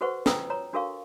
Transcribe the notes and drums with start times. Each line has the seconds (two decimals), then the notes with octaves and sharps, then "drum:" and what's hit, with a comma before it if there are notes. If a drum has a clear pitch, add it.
0.01 F#4 A4 B4 C5 F#5 C#6
0.26 F4 B4 G5 A#5 D#6 E6, drum: snare
0.50 C#5 A#5
0.73 D4 F#4 A4 A#4 F5 C#6